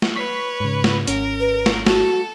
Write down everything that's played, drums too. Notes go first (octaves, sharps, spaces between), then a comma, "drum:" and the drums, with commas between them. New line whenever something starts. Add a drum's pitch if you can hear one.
drum: snare
B4 C#5 C#6 B6 C7
G#2 C#3
drum: snare
G#1 C#4 A#4, drum: hi-hat
B4
drum: snare
F#4 A4, drum: snare